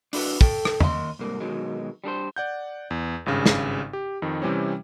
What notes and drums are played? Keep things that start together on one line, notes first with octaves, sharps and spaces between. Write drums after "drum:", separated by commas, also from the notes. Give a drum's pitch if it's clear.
D4 E4 F#4 B4, drum: open hi-hat
A4 G5, drum: kick
drum: rim click
D#3 A#3 D#5 G5 C6, drum: tom E2
C2 G#2 A#3
B2 D#3 F#3 G#3
G3 D4 G#4 C5
D5 F#5 G6
E2
G#1 G2 C#3
drum: snare
G4
F2 D#3
C3 E3 G3 C4 C#4